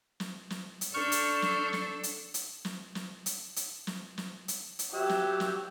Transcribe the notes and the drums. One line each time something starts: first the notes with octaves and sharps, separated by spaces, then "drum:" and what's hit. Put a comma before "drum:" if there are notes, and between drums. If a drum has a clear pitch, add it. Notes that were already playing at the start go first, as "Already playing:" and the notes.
drum: snare
drum: snare
drum: hi-hat
D4 A4 C#6 F6 G6
drum: hi-hat
drum: snare
drum: snare
drum: hi-hat
drum: hi-hat
drum: snare
drum: snare
drum: hi-hat
drum: hi-hat
drum: snare
drum: snare
drum: hi-hat
drum: hi-hat
F#3 G4 E5
drum: snare
drum: snare